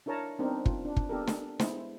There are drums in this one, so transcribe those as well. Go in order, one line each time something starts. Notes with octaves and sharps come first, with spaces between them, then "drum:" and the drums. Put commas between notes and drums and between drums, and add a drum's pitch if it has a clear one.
D4 E4 A#4 C#5 A5 A#5
G3 B3 C4 D4 D#4 A#4
F4, drum: kick
D4
drum: kick
B3 D4 G4 A4 A#4
drum: snare
G#3 B3 E4 C5, drum: snare